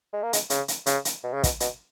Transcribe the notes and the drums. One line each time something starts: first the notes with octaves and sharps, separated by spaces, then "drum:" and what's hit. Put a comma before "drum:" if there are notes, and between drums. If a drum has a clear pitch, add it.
G#3
A#3
G#3, drum: hi-hat
C#3, drum: hi-hat
drum: hi-hat
C#3, drum: hi-hat
drum: hi-hat
B2
C#3
B2, drum: kick, hi-hat
B2, drum: hi-hat